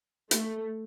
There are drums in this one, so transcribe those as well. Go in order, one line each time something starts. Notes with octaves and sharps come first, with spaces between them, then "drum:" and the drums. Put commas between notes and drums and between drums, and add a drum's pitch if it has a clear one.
A3, drum: hi-hat